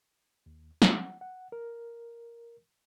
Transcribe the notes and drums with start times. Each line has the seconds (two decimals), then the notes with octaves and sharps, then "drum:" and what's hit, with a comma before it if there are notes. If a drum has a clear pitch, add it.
0.46 D#2
0.82 F#5, drum: snare
1.21 F#5
1.52 A#4